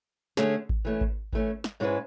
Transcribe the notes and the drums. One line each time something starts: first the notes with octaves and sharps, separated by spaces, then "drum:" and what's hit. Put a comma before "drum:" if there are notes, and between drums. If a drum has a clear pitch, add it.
D3 A3 C#4 G#4, drum: snare
drum: kick G#1
E3 A3 C#4
drum: kick G#1
E3 A3 C#4, drum: kick G#1
drum: snare
G#2 G#3 C#4 E4 B4